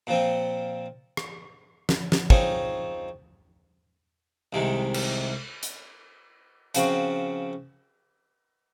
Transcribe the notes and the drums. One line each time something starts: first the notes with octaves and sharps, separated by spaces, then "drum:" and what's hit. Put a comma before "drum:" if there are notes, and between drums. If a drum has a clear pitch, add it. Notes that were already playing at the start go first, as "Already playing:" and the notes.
A#2 F3 C4
drum: rim click
drum: snare
drum: snare
F3 C4 D#4 G#4 C#5, drum: kick
C2 C3 D#3 G#3
drum: cymbal
drum: hi-hat
C#3 F3 C4 F#4, drum: hi-hat